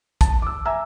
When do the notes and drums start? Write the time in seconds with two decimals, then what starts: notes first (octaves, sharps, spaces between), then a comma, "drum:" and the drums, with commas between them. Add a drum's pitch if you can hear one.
0.21 A5, drum: kick, hi-hat
0.42 D6 E6
0.65 E5 G#5 A#5 E6